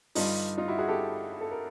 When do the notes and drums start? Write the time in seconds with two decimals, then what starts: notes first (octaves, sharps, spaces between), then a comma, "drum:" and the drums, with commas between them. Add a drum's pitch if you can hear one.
0.15 G2 D3 G3 D#4 F4, drum: open hi-hat
0.58 D#4 F4
0.68 E4 F#4
0.79 F#4 G#4
0.88 G4 A4
1.41 A4
1.51 A#4